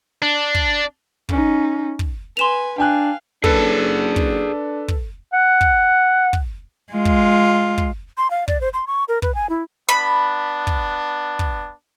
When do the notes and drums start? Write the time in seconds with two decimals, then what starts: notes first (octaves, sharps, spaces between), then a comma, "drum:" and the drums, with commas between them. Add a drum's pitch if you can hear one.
0.22 D4
0.55 drum: kick
1.29 C#4 D#4, drum: kick
1.99 drum: kick
2.37 B4 G#5 C6 E7 F7
2.78 D4 F5 G5 G#5 F#6
3.44 F#1 D4 G#4 A4 B4 F#5 A5, drum: kick
4.16 drum: kick
4.88 drum: kick
5.33 F#5
5.61 drum: kick
6.33 drum: kick
6.93 G#3 F4
7.05 drum: kick
7.78 drum: kick
8.18 C6
8.31 F5
8.48 D5, drum: kick
8.61 C5
8.74 C6
8.87 C#6
9.08 A#4
9.22 B4, drum: kick
9.35 G#5
9.49 E4
9.89 B3 D4 B5
10.67 drum: kick
11.39 drum: kick